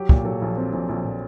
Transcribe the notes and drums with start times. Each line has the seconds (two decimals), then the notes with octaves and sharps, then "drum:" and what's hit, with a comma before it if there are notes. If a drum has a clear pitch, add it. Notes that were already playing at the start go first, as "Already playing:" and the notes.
Already playing: F#3 G4
0.09 A#2, drum: kick
0.25 F#3 A4
0.42 A#1
0.57 C4
0.73 A#1
0.89 A#1
1.04 A#2